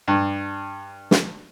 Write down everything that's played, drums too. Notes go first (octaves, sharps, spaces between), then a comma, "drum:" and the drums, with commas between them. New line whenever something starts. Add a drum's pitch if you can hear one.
G2
drum: snare